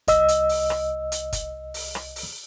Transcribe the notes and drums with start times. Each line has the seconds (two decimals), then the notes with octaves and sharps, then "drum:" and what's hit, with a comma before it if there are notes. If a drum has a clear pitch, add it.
0.08 C2 D#5 E6, drum: kick F#1, hi-hat
0.28 drum: hi-hat
0.49 drum: open hi-hat
0.70 drum: rim click
1.12 drum: hi-hat
1.33 drum: kick F#1, hi-hat
1.74 drum: open hi-hat
1.95 drum: rim click
2.16 drum: open hi-hat